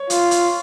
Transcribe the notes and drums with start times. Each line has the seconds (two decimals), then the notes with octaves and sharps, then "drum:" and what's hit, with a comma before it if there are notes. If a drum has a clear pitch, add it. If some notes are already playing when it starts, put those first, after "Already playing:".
Already playing: C#5
0.10 F4, drum: hi-hat
0.31 drum: hi-hat